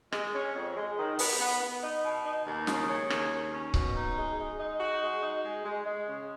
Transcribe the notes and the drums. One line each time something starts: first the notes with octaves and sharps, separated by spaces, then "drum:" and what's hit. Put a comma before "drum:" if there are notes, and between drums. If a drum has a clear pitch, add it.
G#3, drum: rim click
C#4
F2
G#3
D#3
B3, drum: open hi-hat
B3
B3
D#4
B2
D#4
D#2
C#3, drum: snare
C#4
D#2, drum: rim click
D#2
C#4
B2, drum: kick C#1
D#4
G#3
G#3
D#4
F#4
G#3
D#4
G#3
G#3
G#3
C#3